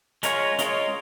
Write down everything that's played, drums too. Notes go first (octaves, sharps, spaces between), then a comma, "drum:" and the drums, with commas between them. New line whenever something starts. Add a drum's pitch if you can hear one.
G#3 C#4 F4 A#4 C#5, drum: hi-hat
G#3 C#4 F4 A#4 C#5, drum: hi-hat